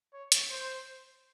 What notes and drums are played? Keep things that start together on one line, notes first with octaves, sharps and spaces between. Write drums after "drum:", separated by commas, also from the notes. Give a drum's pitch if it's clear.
C#5
drum: hi-hat
C5